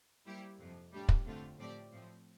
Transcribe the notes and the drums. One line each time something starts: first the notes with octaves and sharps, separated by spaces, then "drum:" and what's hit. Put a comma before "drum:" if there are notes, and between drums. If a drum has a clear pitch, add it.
G3 A#3 E4 G4 C5
F2 C3 F3
A2 G3 D4 G4
drum: kick
D3 A3 C4 F4
A2 F3 C4 G4 D5
A2 F3 C4